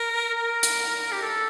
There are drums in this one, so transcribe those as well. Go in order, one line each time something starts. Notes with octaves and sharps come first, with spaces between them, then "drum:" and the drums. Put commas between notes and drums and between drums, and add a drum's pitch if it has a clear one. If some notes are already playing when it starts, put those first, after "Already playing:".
Already playing: A#4
A#4
drum: hi-hat
G4
A4